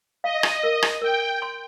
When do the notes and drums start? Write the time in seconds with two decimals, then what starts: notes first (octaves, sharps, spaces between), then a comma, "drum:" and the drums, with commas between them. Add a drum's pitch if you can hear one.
0.23 D#5 F5
0.43 drum: rim click
0.63 A#4
0.82 drum: rim click
1.02 A#4 G5
1.42 C6